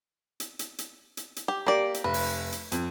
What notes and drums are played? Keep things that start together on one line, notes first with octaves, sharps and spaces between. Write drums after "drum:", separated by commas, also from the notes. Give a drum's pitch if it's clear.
drum: hi-hat
drum: hi-hat
drum: hi-hat
drum: hi-hat
drum: hi-hat
G4
A#3 G4 D5
drum: hi-hat
F1 B4
drum: open hi-hat
drum: hi-hat
F2, drum: hi-hat